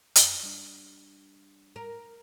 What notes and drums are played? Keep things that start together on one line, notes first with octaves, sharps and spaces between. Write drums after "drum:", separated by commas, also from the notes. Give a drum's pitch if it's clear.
F#2, drum: hi-hat
G3 D4
A#4